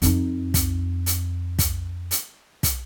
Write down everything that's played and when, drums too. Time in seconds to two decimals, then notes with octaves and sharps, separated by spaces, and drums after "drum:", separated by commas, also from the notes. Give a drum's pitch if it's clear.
0.02 F2 D#4, drum: hi-hat
0.54 drum: kick, hi-hat
1.06 drum: hi-hat
1.59 drum: kick, hi-hat
2.11 drum: hi-hat
2.63 drum: kick, hi-hat